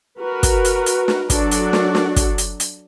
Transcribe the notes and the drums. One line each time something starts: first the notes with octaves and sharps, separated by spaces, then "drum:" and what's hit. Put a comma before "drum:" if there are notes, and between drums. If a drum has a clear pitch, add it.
F#4 A#4 B4
drum: kick, hi-hat
drum: hi-hat
drum: hi-hat
drum: snare
F#3 D4 F#4 A4 D5, drum: kick, hi-hat
drum: hi-hat
drum: snare
drum: snare
drum: kick, hi-hat
drum: hi-hat
drum: hi-hat